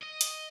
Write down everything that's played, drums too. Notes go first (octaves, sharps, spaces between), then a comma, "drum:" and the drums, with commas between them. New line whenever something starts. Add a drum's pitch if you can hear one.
D#5
drum: hi-hat